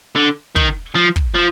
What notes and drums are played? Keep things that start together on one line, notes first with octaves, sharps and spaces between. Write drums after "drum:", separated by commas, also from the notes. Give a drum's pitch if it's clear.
D3
D#3, drum: kick
F3
drum: kick
F3